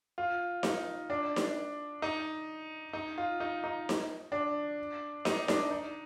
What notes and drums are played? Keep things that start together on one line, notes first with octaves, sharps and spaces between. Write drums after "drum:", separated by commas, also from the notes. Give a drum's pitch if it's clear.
F4
D#4, drum: snare D#4
D4
drum: snare D#4
D#4
D#4
F4
D#4
D#4
drum: snare D#4
D4
D#4, drum: snare D#4
D4, drum: snare D#4
D#4